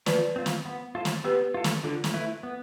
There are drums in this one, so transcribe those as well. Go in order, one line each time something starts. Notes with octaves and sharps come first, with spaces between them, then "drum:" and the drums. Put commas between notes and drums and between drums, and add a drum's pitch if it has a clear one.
F3 B4 D5, drum: snare
C4 F4
drum: snare
B3
F4 A4 C5
drum: snare
B3 G4 B4
F4 A4
drum: snare
D3 F4 A4
drum: snare
A3 E4 B4
B3